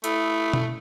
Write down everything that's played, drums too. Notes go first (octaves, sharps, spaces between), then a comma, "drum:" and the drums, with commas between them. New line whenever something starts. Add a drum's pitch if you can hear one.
A3 E4 B5 D#6, drum: hi-hat
drum: tom B2